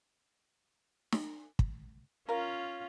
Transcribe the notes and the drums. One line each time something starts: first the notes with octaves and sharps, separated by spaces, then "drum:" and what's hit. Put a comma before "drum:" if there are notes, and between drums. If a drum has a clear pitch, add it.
drum: snare
drum: kick
C#4 F4 A#4 F5